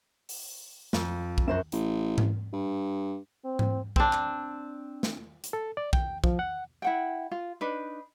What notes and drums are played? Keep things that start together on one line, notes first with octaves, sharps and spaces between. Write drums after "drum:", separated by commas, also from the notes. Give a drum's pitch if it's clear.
drum: open hi-hat
F2, drum: snare
drum: kick
F#2 F#4 A#4 C5 E7
A1, drum: hi-hat
drum: tom G#2
G2
C4
drum: tom G#2
C4 D4, drum: kick
drum: clap
drum: snare
drum: hi-hat
A4
D5
G5, drum: kick
F3, drum: kick
F#5
E4 F#5 G5
F4
D4 D#4 B4